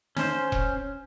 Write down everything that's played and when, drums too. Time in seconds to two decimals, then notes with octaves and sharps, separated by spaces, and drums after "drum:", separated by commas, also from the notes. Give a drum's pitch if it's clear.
0.17 C#4 C5, drum: snare
0.52 drum: kick E1